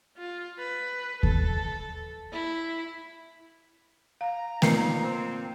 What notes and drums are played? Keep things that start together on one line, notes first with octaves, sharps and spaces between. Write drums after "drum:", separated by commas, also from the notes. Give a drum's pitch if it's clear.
F4
B4
A4, drum: kick D#2
E4
F5 A#5
A#2 C4 D#4 A#4 B4 C7 C#7, drum: snare A3
C4